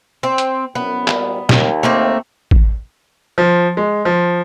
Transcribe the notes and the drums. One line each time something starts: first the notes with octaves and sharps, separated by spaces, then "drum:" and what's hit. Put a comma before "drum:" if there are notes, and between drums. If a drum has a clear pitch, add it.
C4
drum: hi-hat
C2 F#2 B3
G#1 A#2 G3, drum: clap
D#2, drum: snare
A3 A#3 C4
drum: kick G#1
F3
G#3
F3